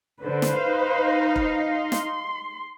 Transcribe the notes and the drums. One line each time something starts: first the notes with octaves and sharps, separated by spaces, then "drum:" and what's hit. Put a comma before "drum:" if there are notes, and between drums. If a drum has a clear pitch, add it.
D3 B4 C5
drum: snare
D#4 F5
drum: kick E1
C6
drum: snare